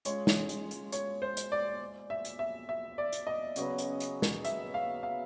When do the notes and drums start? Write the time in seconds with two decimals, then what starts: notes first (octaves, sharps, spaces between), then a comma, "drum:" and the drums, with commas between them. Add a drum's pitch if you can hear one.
0.05 G#3 C#4 F4 C#5, drum: hi-hat
0.27 drum: snare
0.49 drum: hi-hat
0.71 drum: hi-hat
0.92 C#5, drum: hi-hat
1.22 C5
1.37 drum: hi-hat
1.52 D5
2.10 E5
2.25 drum: hi-hat
2.39 E5
2.69 E5
2.98 D5
3.13 drum: hi-hat
3.27 D#5
3.56 C#3 F#3 B3, drum: hi-hat
3.78 drum: hi-hat
4.00 drum: hi-hat
4.22 drum: snare
4.45 E5, drum: hi-hat
4.74 F5
5.03 F5